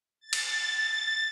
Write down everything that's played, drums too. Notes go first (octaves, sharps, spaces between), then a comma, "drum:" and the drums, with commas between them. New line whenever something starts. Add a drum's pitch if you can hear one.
A6
drum: cymbal